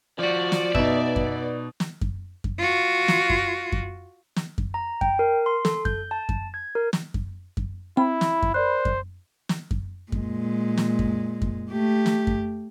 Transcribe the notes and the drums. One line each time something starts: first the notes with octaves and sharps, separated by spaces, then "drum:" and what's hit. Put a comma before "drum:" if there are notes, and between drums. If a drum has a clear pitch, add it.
F3 F#4 D5
drum: snare
B2 B3 D#4 E5, drum: kick F#2
drum: kick F#2
drum: snare
drum: kick F#2
drum: kick F#2
F4 F#4
drum: snare
drum: kick F#2
drum: kick F#2
drum: snare
drum: kick F#2
A#5
G5, drum: kick F#2
A#4
C6
A4, drum: snare
G6, drum: kick F#2
A5
drum: kick F#2
G#6
A#4
drum: snare
drum: kick F#2
drum: kick F#2
C4 E4 B5
drum: snare
drum: kick F#2
A#4 C5 D5 F#6
drum: kick F#2
drum: snare
drum: kick F#2
A#2 G#3, drum: kick F#2
drum: snare
drum: kick F#2
drum: kick F#2
A3 G4
drum: snare
drum: kick F#2